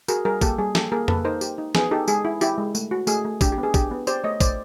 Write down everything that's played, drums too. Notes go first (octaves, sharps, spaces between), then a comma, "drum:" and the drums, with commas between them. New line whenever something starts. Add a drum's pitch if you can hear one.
F#4 G#4 A#4, drum: tambourine
G3 G#4 A#4
A#3 G4 A4, drum: kick, tambourine
G3 G#4
A#3 G4 A4, drum: snare
A#3 G#4 A#4
A#3 A4 B4, drum: tom F2
D#4 A#4 C5
G4, drum: tambourine
D#4
B3 G#4, drum: snare
D#4 G4 A4
G#3 G#4, drum: tambourine
E4
E4 G4, drum: tambourine
G#3
A3, drum: tambourine
F#4
A3 G#4, drum: tambourine
A3
D4 G4, drum: kick, tambourine
G4
B3
G#4
D4 G4, drum: kick, tambourine
B3
G4 C5 D5, drum: tambourine
A3 C#5 D#5
A3 C5 D5, drum: kick, tambourine